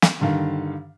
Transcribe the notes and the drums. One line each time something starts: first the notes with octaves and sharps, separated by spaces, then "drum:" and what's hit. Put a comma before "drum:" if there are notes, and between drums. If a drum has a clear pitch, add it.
drum: snare
G2 D3 D#3 F5